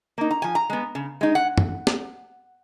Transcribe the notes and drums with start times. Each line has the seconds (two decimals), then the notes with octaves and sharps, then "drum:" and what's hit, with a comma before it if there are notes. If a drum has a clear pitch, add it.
0.18 A#3 D#4
0.31 A#5
0.42 F3 G#5
0.55 A#5
0.70 G#3 B3
0.95 C#3
1.21 G#3 D#4
1.35 F#5
1.58 drum: tom
1.87 drum: snare